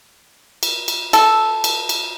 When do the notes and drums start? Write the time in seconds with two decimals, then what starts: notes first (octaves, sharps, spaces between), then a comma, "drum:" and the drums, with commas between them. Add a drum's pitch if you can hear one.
0.63 drum: cymbal
0.88 drum: cymbal
1.13 A4, drum: cymbal
1.64 drum: cymbal
1.89 drum: cymbal